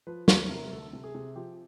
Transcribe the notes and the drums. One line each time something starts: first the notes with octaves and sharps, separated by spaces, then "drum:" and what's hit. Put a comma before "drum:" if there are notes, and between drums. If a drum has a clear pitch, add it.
F3 B4
F3 B4, drum: snare
C3 A#4
A#4
D2 A4
C3
G#4
C3
F3 G4